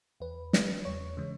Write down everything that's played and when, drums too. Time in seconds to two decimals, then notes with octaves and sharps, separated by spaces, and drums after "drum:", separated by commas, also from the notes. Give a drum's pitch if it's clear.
0.20 E2 B4
0.53 C#3 E3 G#3, drum: snare
0.85 E2 C#5
1.17 C#3 E3 G#3